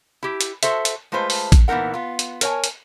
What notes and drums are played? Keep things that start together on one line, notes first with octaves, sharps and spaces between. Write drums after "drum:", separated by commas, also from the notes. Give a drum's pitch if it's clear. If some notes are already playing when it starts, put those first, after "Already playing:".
E4 G4
drum: hi-hat
F#4 A4 C5 E5, drum: hi-hat
drum: hi-hat
G#3 A3 F4 B4 C5
drum: open hi-hat
drum: kick A1, hi-hat
A#2 E3 B3 D#4 A#4 F#5
B3 F4
drum: hi-hat
A#4 C#5 G#5, drum: hi-hat
drum: hi-hat